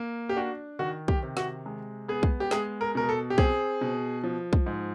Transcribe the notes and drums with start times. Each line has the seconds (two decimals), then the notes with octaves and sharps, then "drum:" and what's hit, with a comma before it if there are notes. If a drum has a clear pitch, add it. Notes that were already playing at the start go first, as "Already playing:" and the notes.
Already playing: A#3
0.29 G4
0.36 D4 F#4
0.79 D#3 F#4
1.08 G4, drum: kick
1.23 C3
1.37 F#4, drum: snare
1.66 G#3
2.08 B3 G#4
2.23 drum: kick
2.40 G4
2.51 G#3 G#4, drum: snare
2.81 A#4
2.95 B2 A#4
3.09 A4
3.30 G4
3.38 C4 G#4, drum: kick
3.81 B2
4.24 F3
4.53 drum: kick
4.66 G#2